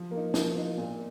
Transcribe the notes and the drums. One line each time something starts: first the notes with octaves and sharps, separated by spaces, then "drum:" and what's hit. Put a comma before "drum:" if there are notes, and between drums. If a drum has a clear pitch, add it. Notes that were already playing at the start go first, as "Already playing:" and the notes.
Already playing: F3
A#3
D#4
F3, drum: snare
A#3 D#4
A#2